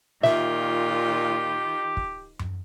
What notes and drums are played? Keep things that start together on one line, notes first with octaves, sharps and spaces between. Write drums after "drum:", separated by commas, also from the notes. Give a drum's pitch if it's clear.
A#2 D#3 F4 G4 E5 G6, drum: snare
drum: kick
drum: tom F#2